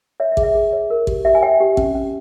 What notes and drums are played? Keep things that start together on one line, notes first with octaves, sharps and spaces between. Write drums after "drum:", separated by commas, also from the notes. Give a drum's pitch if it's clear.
C#5 E5
E5
G#4, drum: kick A1
E5
G#4
C#5
A#4
G4, drum: kick A1
G4 E5
G#5
C#5 E5 G5
G4
C#4, drum: kick A1
C#4